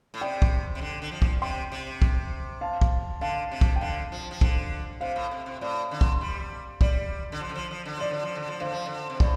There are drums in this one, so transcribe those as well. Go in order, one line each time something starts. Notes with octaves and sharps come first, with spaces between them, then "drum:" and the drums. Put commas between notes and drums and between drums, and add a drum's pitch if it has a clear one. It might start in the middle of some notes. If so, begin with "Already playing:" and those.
A2
C3 D5 G5
drum: kick
C3
D3
D3
F3
drum: kick
C3 G5 C6
C3
drum: kick
F5 A5
drum: kick
D3 F5 A5
C3
drum: kick
G5
D3 F5 A5
F3
F3
D3, drum: kick
C3 C5 F5
A2
C3
C3
A2 D5
D3
drum: kick
G3
G3 D5, drum: kick
D3
F3
D3
F3
F3
D3
F3 D5
D3
F3
D3
F3
D3 C5 F5
F3
D3
C3
A2 D5, drum: kick